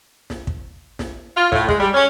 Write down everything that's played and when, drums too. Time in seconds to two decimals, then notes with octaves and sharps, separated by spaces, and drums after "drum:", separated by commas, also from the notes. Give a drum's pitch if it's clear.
0.30 drum: snare
0.47 drum: kick
0.99 drum: snare
1.37 F4
1.52 A2, drum: kick
1.69 G#3, drum: kick
1.80 G3
1.94 C#4